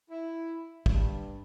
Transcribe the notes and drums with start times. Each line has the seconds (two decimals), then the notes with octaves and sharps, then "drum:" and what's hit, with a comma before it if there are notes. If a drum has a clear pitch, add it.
0.10 E4
0.86 G2, drum: kick